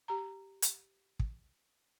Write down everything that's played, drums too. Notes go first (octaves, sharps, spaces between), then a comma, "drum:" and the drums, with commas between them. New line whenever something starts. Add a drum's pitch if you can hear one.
G4 A#5
drum: hi-hat
drum: kick